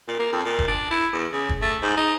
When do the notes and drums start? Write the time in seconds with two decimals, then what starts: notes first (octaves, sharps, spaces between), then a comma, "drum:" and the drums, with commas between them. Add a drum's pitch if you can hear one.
0.08 A#2
0.19 A#3
0.32 F2
0.45 A#2
0.59 drum: kick
0.68 D4
0.91 E4
1.13 E2
1.33 C#3
1.49 drum: kick
1.62 A3
1.82 G#2
1.97 D#4